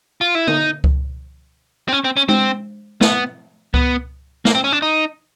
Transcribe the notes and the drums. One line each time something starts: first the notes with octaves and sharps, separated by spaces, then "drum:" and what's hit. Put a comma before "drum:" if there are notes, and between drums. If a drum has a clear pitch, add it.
F4
E4
D#4, drum: tom
drum: kick C#2
C4
C#4
C4
C#4
C4, drum: tom G#3
B3, drum: snare
B3, drum: kick C#2
A#3, drum: snare
C4
C#4
D4
D#4